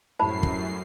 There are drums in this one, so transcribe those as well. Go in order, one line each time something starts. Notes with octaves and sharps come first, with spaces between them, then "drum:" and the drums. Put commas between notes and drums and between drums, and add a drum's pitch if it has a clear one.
F#2 A2 G3 E4 C5 A5 B5 C7
drum: kick